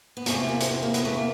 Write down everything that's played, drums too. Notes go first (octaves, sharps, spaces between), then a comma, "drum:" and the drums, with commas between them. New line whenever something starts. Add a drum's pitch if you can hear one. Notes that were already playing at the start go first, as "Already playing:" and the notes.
B3
E2 C3 E3 A3 A#3, drum: hi-hat
A3
A#3
C4, drum: hi-hat
B3
A#3
B3, drum: hi-hat
A3
A#3